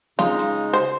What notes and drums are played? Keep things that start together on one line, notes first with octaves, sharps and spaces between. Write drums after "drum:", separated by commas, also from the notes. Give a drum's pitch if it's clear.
C#3 G#3 D#4 F4, drum: snare C4
drum: hi-hat
C5, drum: hi-hat